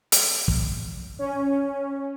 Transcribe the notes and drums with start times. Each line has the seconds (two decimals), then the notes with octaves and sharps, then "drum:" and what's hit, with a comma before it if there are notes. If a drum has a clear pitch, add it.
0.12 drum: hi-hat
0.48 drum: kick
1.19 C#4